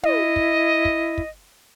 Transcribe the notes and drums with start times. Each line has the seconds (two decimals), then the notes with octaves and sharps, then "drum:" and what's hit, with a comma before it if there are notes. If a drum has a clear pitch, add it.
0.03 E4 D#5, drum: tom
0.36 drum: kick
0.85 drum: kick
1.18 drum: kick